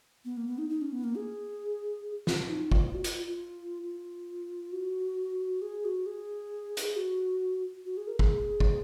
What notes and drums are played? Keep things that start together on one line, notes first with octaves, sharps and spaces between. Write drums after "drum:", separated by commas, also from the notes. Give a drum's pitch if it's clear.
B3
A#3
B3
D#4
D#4
C#4
B3
A#3
G#4
F4, drum: snare
D#4
F4, drum: kick
F#4
F4, drum: hi-hat
F4
F4
F4
F#4
G#4
F#4
G#4
drum: hi-hat
F#4
F#4
G#4
A#4
G#4, drum: kick
drum: kick